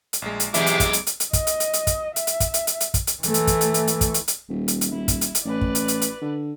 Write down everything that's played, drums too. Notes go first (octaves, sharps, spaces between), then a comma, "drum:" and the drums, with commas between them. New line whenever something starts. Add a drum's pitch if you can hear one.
drum: hi-hat
A#1 G#3
drum: hi-hat
B1 E2 C3 G#3 D5 E5 D6, drum: hi-hat
drum: hi-hat
drum: kick, hi-hat
drum: hi-hat
drum: hi-hat
drum: hi-hat
D#5, drum: kick, hi-hat
drum: hi-hat
drum: hi-hat
drum: hi-hat
drum: kick, hi-hat
E5, drum: hi-hat
drum: hi-hat
drum: kick, hi-hat
drum: hi-hat
drum: hi-hat
drum: hi-hat
drum: kick, hi-hat
drum: hi-hat
E3 A3, drum: hi-hat
drum: hi-hat
drum: kick, hi-hat
drum: hi-hat
drum: hi-hat
drum: hi-hat
drum: kick, hi-hat
drum: hi-hat
drum: hi-hat
D#1
drum: hi-hat
drum: hi-hat
D#1 E4
drum: kick, hi-hat
drum: hi-hat
drum: hi-hat
A1 B4 D5
drum: kick
drum: hi-hat
drum: hi-hat
drum: hi-hat
D3